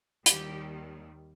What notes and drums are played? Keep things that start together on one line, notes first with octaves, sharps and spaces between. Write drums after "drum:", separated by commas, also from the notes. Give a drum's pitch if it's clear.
D#2 D#3 G3 G4, drum: hi-hat